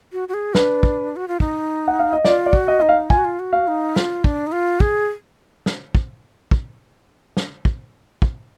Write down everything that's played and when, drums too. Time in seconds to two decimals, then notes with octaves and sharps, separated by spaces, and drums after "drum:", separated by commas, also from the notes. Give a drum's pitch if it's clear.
0.13 F#4
0.29 F#4
0.34 G#4
0.55 D4 B4, drum: snare
0.83 drum: kick
1.16 F#4
1.28 F4
1.40 D#4, drum: kick
1.88 F#5
1.99 F5
2.13 D#5
2.25 F4 D5, drum: snare
2.46 D5
2.53 F#4, drum: kick
2.68 D#5
2.79 D#4 D#5
2.89 F5
3.10 F4 G#5, drum: kick
3.18 F#4
3.24 F4
3.39 F#4
3.53 F5
3.68 D#4
3.96 F4, drum: snare
4.24 D4, drum: kick
4.47 D#4
4.52 F4
4.80 G#4, drum: kick
5.66 drum: snare
5.95 drum: kick
6.51 drum: kick
7.37 drum: snare
7.65 drum: kick
8.22 drum: kick